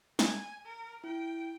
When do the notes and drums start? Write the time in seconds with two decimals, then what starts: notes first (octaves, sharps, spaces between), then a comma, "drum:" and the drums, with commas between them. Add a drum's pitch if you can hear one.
0.19 G#5, drum: snare
0.65 A#4
1.04 E4 G5